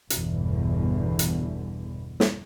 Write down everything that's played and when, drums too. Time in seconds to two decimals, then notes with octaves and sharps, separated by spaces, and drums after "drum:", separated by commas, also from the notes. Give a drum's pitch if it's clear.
0.10 G1 E2 B2 D3 E3, drum: hi-hat
1.19 drum: hi-hat
2.20 drum: snare